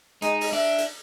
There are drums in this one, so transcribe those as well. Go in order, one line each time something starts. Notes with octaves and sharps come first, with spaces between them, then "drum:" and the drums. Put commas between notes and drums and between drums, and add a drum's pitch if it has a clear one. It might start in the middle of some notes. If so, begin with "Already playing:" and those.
G#3 D#4, drum: hi-hat
drum: open hi-hat
D4 E5
drum: hi-hat